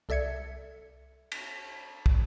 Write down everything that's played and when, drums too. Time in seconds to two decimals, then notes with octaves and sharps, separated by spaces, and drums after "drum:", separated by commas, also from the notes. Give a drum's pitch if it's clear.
0.09 C2 A4 D5 E5 G#6 C#7
1.32 drum: cymbal
2.06 drum: kick